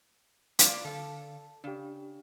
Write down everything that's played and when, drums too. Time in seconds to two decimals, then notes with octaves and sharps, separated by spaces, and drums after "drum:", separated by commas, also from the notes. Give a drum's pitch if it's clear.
0.59 A#3 F4 D5, drum: hi-hat
0.85 D3 A4 F5
1.64 C#3 D4 G4